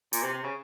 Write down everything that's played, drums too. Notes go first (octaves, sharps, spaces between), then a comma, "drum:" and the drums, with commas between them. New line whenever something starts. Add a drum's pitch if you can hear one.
A#2, drum: hi-hat
C3
C3
C#3